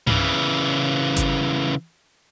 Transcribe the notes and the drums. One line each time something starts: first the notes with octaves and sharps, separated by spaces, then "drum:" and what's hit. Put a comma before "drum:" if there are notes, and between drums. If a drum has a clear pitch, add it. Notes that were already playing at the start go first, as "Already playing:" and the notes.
C#3 E3, drum: tom G2
drum: kick G1, hi-hat